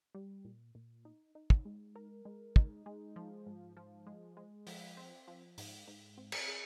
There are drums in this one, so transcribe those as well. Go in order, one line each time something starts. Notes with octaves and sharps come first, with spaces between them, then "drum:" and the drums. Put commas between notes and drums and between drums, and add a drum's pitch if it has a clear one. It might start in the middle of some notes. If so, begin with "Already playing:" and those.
G3
A#2
A#2
D#4
D#4
drum: kick
G#3
A#4
G#3
D#4, drum: kick
G#3
F3
G#2
F3
G#3
G#3
F3, drum: open hi-hat
C4
F3
G#2, drum: open hi-hat
G#2
C4
drum: cymbal
G#4